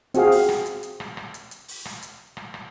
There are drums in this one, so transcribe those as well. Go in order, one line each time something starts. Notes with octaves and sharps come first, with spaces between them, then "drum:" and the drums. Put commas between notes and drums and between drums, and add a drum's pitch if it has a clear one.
C4 F#4 G#4 F5, drum: hi-hat
drum: open hi-hat
drum: rim click
drum: hi-hat
drum: hi-hat
drum: rim click
drum: rim click
drum: hi-hat
drum: hi-hat
drum: open hi-hat
drum: rim click
drum: hi-hat
drum: rim click
drum: rim click